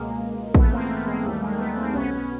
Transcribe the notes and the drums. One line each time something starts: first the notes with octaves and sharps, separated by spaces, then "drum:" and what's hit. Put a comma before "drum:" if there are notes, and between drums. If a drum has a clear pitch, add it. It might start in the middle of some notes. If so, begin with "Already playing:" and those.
Already playing: C#2 B2 G#3 A#3
A#1 G#2 E3 A3 B3, drum: kick
A#3 C4
A3 B3
G#3 A#3
D#2 D#3 G3 A3
G#3 A#3
A3 B3
B3
A#3 C4
B1 B2 B3 C#4
B3 C#4